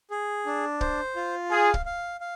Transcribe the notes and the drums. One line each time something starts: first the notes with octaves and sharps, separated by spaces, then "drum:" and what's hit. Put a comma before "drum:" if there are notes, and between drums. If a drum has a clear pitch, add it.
G#4
D4
C5, drum: kick
F4
G#4 F5
drum: kick
F5
F5